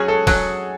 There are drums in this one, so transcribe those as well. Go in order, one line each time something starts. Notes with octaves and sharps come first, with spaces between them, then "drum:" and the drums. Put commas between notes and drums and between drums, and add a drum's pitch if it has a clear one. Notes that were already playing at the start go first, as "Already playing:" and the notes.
Already playing: F#3 C#4 F#4 G#4
A4
F#3, drum: kick D1, open hi-hat